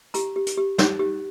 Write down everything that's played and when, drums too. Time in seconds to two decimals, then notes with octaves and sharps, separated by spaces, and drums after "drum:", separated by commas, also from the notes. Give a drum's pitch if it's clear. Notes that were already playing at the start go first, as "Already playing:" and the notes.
0.14 G4 A#5, drum: hi-hat
0.36 G4
0.46 drum: hi-hat
0.57 G4
0.78 D#4, drum: snare
0.99 G4